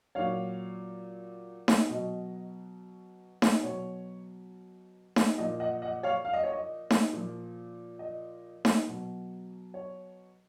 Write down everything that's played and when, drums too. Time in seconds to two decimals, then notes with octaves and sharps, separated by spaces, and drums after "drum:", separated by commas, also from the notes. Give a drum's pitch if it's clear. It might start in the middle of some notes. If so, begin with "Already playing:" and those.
0.15 A#2 F#3 C#5 F5
1.68 drum: snare D#4
1.89 B2 F#3 D#5
3.42 drum: snare D#4
3.63 B2 F#3 C#5
5.16 drum: snare D#4
5.38 A#2 F3 D#5
5.60 D#5 F#5
5.82 D#5 F#5
6.03 C#5 F5
6.25 F5
6.33 D#5
6.43 C#5
6.52 D#5
6.90 drum: snare D#4
7.13 A#2 F3
7.99 D#5
8.65 drum: snare D#4
8.87 B2 F#3
9.74 C#5